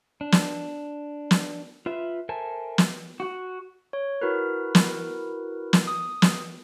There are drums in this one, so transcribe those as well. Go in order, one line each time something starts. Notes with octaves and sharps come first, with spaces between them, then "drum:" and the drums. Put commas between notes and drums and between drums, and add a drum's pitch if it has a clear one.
D4
drum: snare
drum: snare
F4 B4 E5
A4 A#4 C5 E5 G#5 A5
drum: snare
F#4
C#5
E4 F#4 A#4 B4
drum: snare
drum: snare
D#6
drum: snare